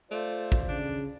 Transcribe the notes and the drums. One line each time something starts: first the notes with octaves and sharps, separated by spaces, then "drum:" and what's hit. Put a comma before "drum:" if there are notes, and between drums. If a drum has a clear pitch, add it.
A3 F4 C5 D5
drum: kick
C#3 D4